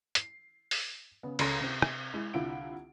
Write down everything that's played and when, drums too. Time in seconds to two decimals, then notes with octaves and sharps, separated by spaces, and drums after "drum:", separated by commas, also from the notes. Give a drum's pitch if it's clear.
0.15 C7, drum: hi-hat
0.71 drum: open hi-hat
1.23 C#3 B3
1.39 C#2 C#4 A4 A#5 C6 A#6, drum: cymbal
1.61 C3 C4
1.82 drum: rim click
2.14 G#3 E4
2.34 C2 D3 E4 F4 F#5 D7